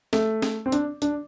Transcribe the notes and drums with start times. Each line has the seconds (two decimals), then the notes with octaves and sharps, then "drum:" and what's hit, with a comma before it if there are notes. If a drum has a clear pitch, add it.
0.13 A3, drum: snare
0.42 drum: snare
0.66 C4
0.72 D4, drum: hi-hat
1.02 D4, drum: hi-hat